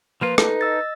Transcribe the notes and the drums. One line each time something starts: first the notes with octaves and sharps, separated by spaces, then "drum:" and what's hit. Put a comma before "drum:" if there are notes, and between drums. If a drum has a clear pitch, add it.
F3 A#3 F4 B4
D#4 A4, drum: rim click
D#5 E6 A6